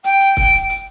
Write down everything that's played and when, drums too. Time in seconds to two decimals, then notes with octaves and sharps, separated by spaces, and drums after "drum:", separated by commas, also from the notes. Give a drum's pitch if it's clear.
0.04 G5, drum: hi-hat
0.20 drum: hi-hat
0.37 drum: kick, hi-hat
0.53 drum: hi-hat
0.70 drum: hi-hat